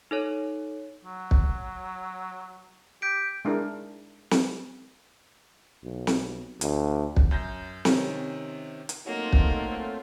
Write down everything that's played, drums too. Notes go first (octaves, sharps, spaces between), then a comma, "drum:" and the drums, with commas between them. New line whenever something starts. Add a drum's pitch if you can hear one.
D#4 A4 C#5
F#3
drum: kick
G4 G6 B6 D7
G#3 D4 E4 A#4
drum: snare
B1
drum: snare
D2, drum: hi-hat
drum: kick
F#2 G6 A#6
C3 D#3 C#4, drum: snare
drum: hi-hat
F#3 A3 A#3 C4 D#4 F4
drum: kick